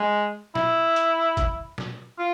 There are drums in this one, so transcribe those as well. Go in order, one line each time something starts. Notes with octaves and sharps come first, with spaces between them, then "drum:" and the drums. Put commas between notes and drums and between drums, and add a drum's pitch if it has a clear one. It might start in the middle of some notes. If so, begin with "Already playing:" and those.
Already playing: G#3
E4, drum: snare
drum: hi-hat
drum: kick G#1, hi-hat
drum: snare
F4